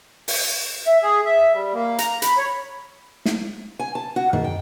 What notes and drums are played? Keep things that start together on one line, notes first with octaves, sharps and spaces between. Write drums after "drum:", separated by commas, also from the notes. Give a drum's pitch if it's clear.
drum: open hi-hat
E5
G#4
E5
G3
A#3
A#5, drum: hi-hat
B5, drum: hi-hat
C#5
drum: snare
G#5
A5
F#4
D#3, drum: tom
G5